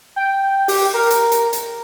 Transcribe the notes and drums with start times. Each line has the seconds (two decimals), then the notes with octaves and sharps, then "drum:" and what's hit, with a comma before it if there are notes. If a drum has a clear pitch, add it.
0.16 G5
0.68 G4, drum: open hi-hat
0.94 A#4
1.10 drum: hi-hat
1.32 drum: hi-hat
1.53 drum: hi-hat